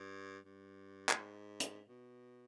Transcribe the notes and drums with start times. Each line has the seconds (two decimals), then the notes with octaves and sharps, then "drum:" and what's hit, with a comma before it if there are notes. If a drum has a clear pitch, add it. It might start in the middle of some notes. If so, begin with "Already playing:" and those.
Already playing: G2
0.46 G2
1.09 A2, drum: clap
1.17 G#2
1.60 drum: hi-hat
1.89 B2